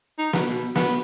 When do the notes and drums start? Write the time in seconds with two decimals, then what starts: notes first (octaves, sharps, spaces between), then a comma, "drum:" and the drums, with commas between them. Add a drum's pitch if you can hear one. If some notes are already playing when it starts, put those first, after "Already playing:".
0.18 D#4
0.33 B3, drum: snare
0.49 B2
0.75 B3, drum: snare